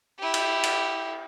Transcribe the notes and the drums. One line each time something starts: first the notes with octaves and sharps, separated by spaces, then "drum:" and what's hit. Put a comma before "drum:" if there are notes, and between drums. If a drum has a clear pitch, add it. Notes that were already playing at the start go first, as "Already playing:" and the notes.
E4 G4
drum: cymbal
drum: cymbal